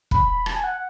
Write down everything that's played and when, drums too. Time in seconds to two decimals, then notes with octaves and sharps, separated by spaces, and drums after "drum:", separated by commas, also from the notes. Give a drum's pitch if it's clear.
0.11 B5, drum: kick
0.29 B5
0.46 A5, drum: rim click
0.56 G#5
0.64 F#5